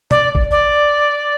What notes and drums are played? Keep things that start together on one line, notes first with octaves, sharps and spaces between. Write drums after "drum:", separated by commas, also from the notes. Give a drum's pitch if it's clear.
D5, drum: tom
drum: kick A1
D5